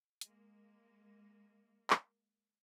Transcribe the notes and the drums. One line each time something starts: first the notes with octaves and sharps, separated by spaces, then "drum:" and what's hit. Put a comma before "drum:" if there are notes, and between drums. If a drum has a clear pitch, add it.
G#3 A#3, drum: hi-hat
drum: clap